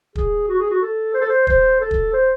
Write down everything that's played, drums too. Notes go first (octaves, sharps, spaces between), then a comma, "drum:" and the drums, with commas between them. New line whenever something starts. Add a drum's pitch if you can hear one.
G#4, drum: kick
F#4
G#4
F#4
A4
C5
A4
C5
C5, drum: kick
A4
drum: kick
C5